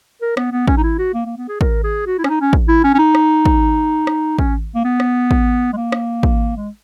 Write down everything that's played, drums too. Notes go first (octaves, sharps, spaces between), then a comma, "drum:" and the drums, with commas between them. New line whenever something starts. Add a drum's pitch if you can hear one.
A#4
B3, drum: rim click
B3
C#4, drum: kick
D#4
E4
F#4
A#3
A#3
B3
G#4
A#4, drum: kick
G#4
F#4
E4
C#4, drum: rim click
D#4
C#4
drum: kick
E4
C#4
C#4
D#4
drum: rim click
drum: kick
drum: rim click
C#4, drum: kick
A#3
B3
drum: rim click
drum: kick
G#3
A#3
drum: rim click
drum: kick
G#3